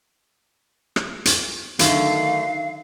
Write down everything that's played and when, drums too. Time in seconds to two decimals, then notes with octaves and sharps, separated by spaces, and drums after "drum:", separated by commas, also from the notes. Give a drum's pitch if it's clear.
0.96 drum: rim click
1.25 drum: hi-hat
1.79 D3 D#3 F#3 A3 F5, drum: hi-hat